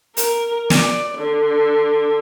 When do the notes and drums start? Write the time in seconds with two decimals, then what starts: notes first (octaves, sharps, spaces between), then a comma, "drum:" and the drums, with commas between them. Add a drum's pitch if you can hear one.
0.17 A#4, drum: hi-hat
0.70 D5, drum: snare
1.18 D3